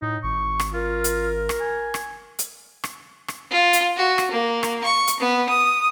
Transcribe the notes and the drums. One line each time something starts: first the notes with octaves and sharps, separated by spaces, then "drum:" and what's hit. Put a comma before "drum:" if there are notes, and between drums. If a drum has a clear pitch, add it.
A2 D#4
G#1 C#6
drum: rim click
F4 A#4
drum: hi-hat
drum: rim click
G#5
drum: rim click
drum: hi-hat
drum: rim click
drum: rim click
F4
drum: hi-hat
F#4
drum: rim click
A#3
drum: rim click
C#6
drum: hi-hat
B3
D#6